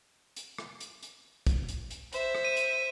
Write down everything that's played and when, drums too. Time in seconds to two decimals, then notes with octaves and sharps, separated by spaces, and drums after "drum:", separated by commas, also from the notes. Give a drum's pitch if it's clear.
0.36 drum: hi-hat
0.58 drum: rim click
0.80 drum: hi-hat
1.03 drum: hi-hat
1.47 drum: kick, hi-hat
1.69 drum: hi-hat
1.91 drum: hi-hat
2.13 C5 E5, drum: hi-hat
2.35 drum: rim click
2.45 D#7
2.57 drum: hi-hat